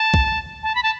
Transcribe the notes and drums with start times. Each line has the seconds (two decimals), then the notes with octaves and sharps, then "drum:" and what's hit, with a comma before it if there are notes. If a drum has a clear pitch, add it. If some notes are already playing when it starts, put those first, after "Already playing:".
Already playing: A5
0.14 drum: kick
0.63 A5
0.75 B5
0.83 A5